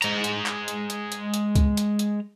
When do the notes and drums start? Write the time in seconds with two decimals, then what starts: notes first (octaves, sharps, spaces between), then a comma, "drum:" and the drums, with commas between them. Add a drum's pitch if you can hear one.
0.02 G#3 A#5, drum: hi-hat
0.24 drum: hi-hat
0.46 drum: clap
0.68 drum: hi-hat
0.90 drum: hi-hat
1.12 drum: hi-hat
1.34 drum: hi-hat
1.56 drum: kick, hi-hat
1.77 drum: hi-hat
1.99 drum: hi-hat